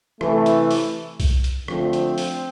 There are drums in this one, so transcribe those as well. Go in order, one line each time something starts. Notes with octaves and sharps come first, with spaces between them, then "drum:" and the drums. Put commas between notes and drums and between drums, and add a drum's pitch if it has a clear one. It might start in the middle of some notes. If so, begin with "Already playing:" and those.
C3 E3 A3, drum: rim click
drum: hi-hat
drum: open hi-hat
drum: kick B1, open hi-hat
drum: hi-hat
D3 F3 A3 C4, drum: rim click
drum: hi-hat
drum: open hi-hat